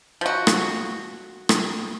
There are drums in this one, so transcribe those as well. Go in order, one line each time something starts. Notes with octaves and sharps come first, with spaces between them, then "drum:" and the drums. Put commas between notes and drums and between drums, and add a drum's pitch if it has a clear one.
F3 F#4
drum: rim click
drum: rim click